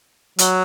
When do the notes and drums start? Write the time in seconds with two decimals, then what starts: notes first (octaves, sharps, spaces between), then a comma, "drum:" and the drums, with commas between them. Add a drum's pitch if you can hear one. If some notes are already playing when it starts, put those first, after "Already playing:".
0.39 F#3, drum: hi-hat